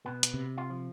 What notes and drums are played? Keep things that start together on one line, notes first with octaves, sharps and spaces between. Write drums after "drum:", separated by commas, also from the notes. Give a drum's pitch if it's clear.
B2 B3
drum: hi-hat
C3
F4
F3